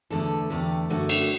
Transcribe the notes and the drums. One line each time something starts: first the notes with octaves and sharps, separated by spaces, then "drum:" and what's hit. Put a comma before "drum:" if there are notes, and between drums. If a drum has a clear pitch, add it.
E2 D3 A3 A4
E2 D3 A3 G4
F#2 D3 A3 F#4
drum: cymbal